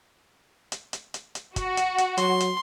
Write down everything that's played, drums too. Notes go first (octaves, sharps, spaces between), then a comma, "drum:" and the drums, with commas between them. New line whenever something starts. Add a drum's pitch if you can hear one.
drum: hi-hat
drum: hi-hat
drum: hi-hat
drum: hi-hat
F#4, drum: kick, hi-hat
drum: hi-hat
drum: hi-hat
F#3 C6, drum: hi-hat
drum: hi-hat